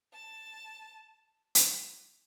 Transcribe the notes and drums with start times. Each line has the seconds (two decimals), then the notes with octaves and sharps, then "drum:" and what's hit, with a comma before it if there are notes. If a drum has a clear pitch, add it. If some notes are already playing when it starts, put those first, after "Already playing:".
0.13 A5
1.55 drum: hi-hat